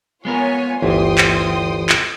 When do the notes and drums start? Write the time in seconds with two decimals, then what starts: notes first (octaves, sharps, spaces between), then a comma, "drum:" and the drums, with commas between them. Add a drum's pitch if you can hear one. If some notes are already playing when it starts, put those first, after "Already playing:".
0.25 G#3 B3 F4 A#4 C#5 G#5
0.82 G1 D2 E3 G5 C6 D#6
1.18 drum: clap
1.89 drum: clap